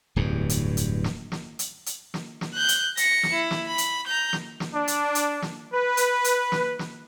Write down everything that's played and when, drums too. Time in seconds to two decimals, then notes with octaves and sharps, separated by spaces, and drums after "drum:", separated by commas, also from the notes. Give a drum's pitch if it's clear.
0.16 D1 E2 G2
0.49 drum: hi-hat
0.77 drum: hi-hat
1.04 drum: snare
1.32 drum: snare
1.59 drum: hi-hat
1.86 drum: hi-hat
2.14 drum: snare
2.41 drum: snare
2.54 F#6 G6
2.69 drum: hi-hat
2.97 A#6 C#7, drum: hi-hat
3.23 drum: snare
3.32 E4
3.51 drum: snare
3.67 B5
3.78 drum: hi-hat
4.07 A#5 G6
4.33 drum: snare
4.60 drum: snare
4.74 D4
4.88 drum: hi-hat
5.15 drum: hi-hat
5.42 drum: snare
5.73 B4
5.97 drum: hi-hat
6.24 drum: hi-hat
6.52 drum: snare
6.79 drum: snare